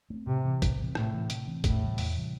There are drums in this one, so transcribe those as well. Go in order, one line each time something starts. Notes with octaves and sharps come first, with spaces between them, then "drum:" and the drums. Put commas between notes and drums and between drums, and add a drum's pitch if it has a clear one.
A3 C4
A2 C3
E3 C4
A2, drum: kick, hi-hat
E3 C4
A2 C3, drum: rim click
E3 C4
C3, drum: hi-hat
E3 C4
E2 A2, drum: kick, hi-hat
C3 E3 G3
E2, drum: open hi-hat
C3 E3 G3